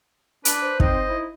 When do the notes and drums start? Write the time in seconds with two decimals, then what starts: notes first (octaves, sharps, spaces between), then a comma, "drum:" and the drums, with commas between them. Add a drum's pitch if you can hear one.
0.45 D4 B4, drum: hi-hat
0.62 C5
0.80 C4 D#4 D#5, drum: kick
1.09 E4